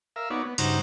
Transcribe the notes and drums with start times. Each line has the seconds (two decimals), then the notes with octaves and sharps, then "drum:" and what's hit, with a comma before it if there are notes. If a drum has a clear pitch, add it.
0.16 A#4 E5 F5
0.30 B3 D#4 F#4 C#5 D5
0.46 B3
0.58 G2 C#3 D#4 F#4 C5 A#5, drum: cymbal